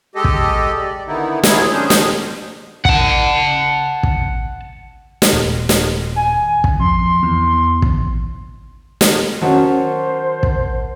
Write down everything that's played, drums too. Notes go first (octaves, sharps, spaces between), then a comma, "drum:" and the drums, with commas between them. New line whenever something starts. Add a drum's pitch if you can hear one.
G#3 G4 A4 D#5
drum: kick
D5
D3 D#3 B3 D#4 E4
F#3 G#3 B3 E4 G#4 C#5, drum: snare
D#3 C#4 D4 G#4 C5 G6
drum: snare
F#5 A5, drum: kick
drum: kick
drum: snare
D#1
drum: snare
G#5
drum: kick
F2 C6
E2
drum: kick
drum: snare
D#3 F#3 C#4 A#4 C5 F#5 A5
drum: kick